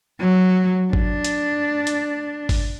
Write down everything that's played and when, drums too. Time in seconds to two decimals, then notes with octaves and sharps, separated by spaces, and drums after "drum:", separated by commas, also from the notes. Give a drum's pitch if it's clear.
0.21 F#3
0.93 D4, drum: kick G#1
1.24 drum: hi-hat
1.87 drum: hi-hat
2.49 drum: kick G#1, open hi-hat